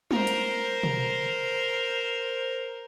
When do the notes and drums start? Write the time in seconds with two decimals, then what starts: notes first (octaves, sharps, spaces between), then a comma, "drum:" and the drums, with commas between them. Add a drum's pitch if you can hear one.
0.11 A#4 C5, drum: tom
0.27 drum: hi-hat
0.83 drum: tom